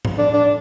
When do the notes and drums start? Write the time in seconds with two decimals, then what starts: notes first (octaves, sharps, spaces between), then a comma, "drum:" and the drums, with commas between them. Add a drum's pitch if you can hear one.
0.05 drum: tom A2
0.18 D4
0.34 D4